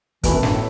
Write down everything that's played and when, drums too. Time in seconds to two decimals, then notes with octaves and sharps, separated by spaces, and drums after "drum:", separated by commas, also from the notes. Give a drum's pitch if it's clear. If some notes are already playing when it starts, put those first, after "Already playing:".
0.23 B2 E3 A3 E4, drum: kick, hi-hat
0.33 F#2
0.43 G2, drum: snare
0.53 A2